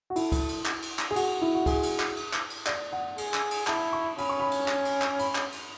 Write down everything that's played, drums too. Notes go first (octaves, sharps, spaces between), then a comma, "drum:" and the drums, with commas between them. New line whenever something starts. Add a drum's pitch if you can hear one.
F#4
E4 A4, drum: cymbal
drum: kick C#2, cymbal
drum: cymbal
drum: clap
drum: cymbal
drum: clap
G#4
F#4, drum: cymbal
E4
F#4
G#4, drum: kick C#2, cymbal
drum: cymbal
drum: clap
drum: cymbal
drum: clap
drum: cymbal
D5, drum: clap
F#5
G#4, drum: cymbal
drum: clap
drum: cymbal
E4 A5, drum: clap
C#6
C#4 B5, drum: cymbal
C#6
B5
drum: cymbal
drum: clap
drum: cymbal
drum: clap
B5, drum: cymbal
drum: clap
drum: cymbal